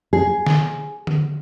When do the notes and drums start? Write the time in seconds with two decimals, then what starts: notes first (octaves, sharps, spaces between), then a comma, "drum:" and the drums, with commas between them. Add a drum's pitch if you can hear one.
0.13 G#4
0.46 drum: snare
1.07 drum: tom D3